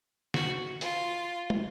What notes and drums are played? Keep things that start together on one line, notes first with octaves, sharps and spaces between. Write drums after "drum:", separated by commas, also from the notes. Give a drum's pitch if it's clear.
F#4, drum: snare
F4, drum: hi-hat
drum: tom